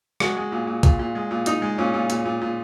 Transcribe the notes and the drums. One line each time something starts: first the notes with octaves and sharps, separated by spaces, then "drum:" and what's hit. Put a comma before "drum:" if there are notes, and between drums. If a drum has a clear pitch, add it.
G#3 F#4, drum: rim click
G#3
A#2
A#2
A#2, drum: kick, hi-hat
A#2
G#3
A#2
A#2 D#4, drum: hi-hat
G#3
A#2 C#4
A#2
A#2, drum: hi-hat
A#2
A#2